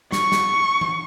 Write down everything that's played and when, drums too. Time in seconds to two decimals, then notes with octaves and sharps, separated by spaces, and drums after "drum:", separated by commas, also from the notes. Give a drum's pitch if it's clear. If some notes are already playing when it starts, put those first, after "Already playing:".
0.12 C#6, drum: snare
0.32 drum: snare
0.81 drum: tom E3